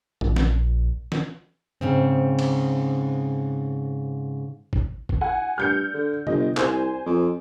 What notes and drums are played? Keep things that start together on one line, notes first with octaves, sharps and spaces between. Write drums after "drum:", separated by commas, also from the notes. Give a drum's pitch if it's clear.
A#1, drum: tom G2
drum: snare
drum: snare
G#2 C#3 C4
drum: cymbal
drum: kick G#1
drum: kick G#1
F#5 G#5
G2 F6 G6 C#7
D3
G1 D#5, drum: tom C3
C2 C5 G#5, drum: clap
F2